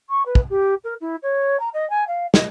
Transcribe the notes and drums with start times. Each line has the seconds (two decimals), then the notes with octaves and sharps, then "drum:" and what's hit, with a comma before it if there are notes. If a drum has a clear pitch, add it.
0.10 C#6
0.26 B4
0.35 drum: kick
0.50 G4
0.84 A#4
1.01 E4
1.23 C#5
1.60 A#5
1.74 D#5
1.90 G#5
2.08 F5
2.34 D#5, drum: snare